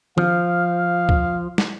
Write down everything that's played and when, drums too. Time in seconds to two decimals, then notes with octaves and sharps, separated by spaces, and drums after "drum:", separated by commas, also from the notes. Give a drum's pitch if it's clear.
0.18 F3 F5, drum: tom D#3
1.09 drum: kick C#2
1.58 drum: snare